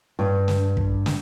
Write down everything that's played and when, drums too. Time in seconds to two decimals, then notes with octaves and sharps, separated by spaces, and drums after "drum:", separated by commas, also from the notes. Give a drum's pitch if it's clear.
0.19 G2
0.48 drum: snare
0.77 drum: kick
1.06 drum: snare